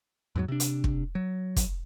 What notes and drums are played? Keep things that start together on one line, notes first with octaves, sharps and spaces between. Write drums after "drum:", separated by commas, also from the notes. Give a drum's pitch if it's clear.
E2 G#2 F3 F#3
C3 D4
drum: hi-hat
drum: kick
F#3
drum: kick, hi-hat